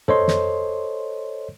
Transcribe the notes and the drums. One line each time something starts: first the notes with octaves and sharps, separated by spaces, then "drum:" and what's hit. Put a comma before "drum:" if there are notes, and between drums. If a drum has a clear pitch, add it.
A4 C5 C#5 D#5 C6, drum: tom
drum: snare